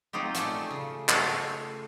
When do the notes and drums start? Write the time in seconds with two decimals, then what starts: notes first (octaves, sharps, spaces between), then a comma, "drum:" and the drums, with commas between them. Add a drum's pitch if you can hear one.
0.13 F#3 C4 D#4 F4 G4
0.35 A3 C#4 D5, drum: hi-hat
0.71 C#3
1.09 A3 F4 F#4 C#5 F5, drum: clap